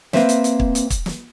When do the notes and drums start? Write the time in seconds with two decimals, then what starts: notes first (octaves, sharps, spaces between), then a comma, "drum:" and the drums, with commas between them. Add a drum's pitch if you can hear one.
0.13 A#3 C4 B4 C5 E5, drum: snare
0.29 drum: hi-hat
0.44 drum: hi-hat
0.60 drum: kick
0.75 drum: hi-hat
0.90 drum: kick, hi-hat
1.06 drum: snare